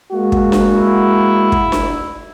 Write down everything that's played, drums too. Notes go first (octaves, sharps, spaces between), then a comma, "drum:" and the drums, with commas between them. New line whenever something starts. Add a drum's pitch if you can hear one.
G#3 A#3 F#4
drum: kick
drum: snare D4
E4
drum: kick
drum: snare D4